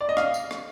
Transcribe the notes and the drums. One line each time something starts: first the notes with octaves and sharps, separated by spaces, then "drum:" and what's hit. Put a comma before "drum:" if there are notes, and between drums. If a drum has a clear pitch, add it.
D5
D#5
F5, drum: rim click
drum: tambourine
drum: rim click